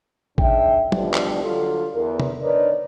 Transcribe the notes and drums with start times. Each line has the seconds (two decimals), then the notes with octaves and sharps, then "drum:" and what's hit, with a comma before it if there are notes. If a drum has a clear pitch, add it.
0.38 G#2 C#3 D4 D#4 E5 G5, drum: kick
0.92 D2 B2 D3 E3 F3 G3, drum: tom
1.14 drum: clap
1.43 D3 F#3 F4 A4
1.94 E2 A#4
2.20 drum: tom
2.42 D4 D#4 A#4 B4 C#5 D5